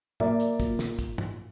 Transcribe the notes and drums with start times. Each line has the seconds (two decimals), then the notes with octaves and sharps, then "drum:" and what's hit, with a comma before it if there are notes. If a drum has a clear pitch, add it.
0.20 A#3 D5 E5, drum: tom A2
0.40 drum: hi-hat
0.60 A#2, drum: kick, hi-hat
0.79 drum: snare
0.99 drum: kick, hi-hat
1.18 drum: tom